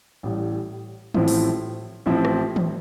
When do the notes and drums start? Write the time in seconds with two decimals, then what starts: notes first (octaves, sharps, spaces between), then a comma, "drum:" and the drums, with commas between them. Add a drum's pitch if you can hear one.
0.23 A1 A2 G3
1.14 A1 A2 F3 C4 E4, drum: tom D#3
1.28 drum: open hi-hat
2.06 A1 A2 F3 C4 E4
2.25 drum: rim click
2.56 drum: tom D#3